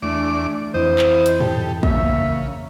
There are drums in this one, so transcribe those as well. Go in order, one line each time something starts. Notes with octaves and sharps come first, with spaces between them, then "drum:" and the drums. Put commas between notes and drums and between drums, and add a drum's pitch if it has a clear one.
E2 A3 D4 D5 D6
F2 E3 E4 C5 D#5
drum: clap
drum: hi-hat
G4 A4, drum: tom G#2
C#3 A#3 E5, drum: kick